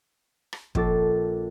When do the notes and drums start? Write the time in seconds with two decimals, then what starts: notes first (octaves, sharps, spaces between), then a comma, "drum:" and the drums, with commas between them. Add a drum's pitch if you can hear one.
0.53 drum: rim click
0.75 A#1 C#4 A4 D6 A6, drum: kick